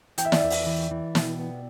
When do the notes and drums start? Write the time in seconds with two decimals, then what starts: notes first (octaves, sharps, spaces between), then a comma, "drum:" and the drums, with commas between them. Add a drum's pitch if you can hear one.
0.18 E3 G5, drum: hi-hat
0.25 E5
0.32 D5, drum: snare
0.39 E2 E5
0.50 drum: open hi-hat
0.67 E3
0.91 E3
1.15 B2, drum: snare
1.39 B3